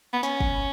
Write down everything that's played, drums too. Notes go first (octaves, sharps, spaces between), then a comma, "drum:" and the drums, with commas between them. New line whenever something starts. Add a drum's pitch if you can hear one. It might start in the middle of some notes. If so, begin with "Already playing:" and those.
B3
C#4, drum: snare
drum: kick